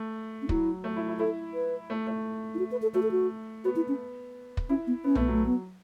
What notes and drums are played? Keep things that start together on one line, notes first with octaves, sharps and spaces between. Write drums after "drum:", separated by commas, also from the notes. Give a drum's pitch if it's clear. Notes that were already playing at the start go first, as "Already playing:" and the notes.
Already playing: A3
C#4
F#3 E4, drum: kick
A3
E4
E4
E4 A4
B4
A3
A3
E4
F#4
B4
A4
A3 F#4
A4
F#4
B3 F#4
E4
C#4
drum: kick
C#4 E4
B3
B3 C#4
A3 B3, drum: tom B1
F#3 A3
B3